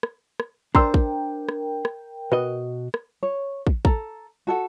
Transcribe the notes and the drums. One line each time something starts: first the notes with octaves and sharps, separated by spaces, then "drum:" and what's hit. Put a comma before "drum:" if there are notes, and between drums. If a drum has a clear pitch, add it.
drum: rim click
drum: rim click
D4 A#4 C5 G5 A#5 C6 E6, drum: kick
drum: kick
drum: rim click
drum: rim click
B2 F#4 B4 D#5
drum: rim click
C#5
drum: kick
A4 A#5, drum: kick
F#4 A4 F#5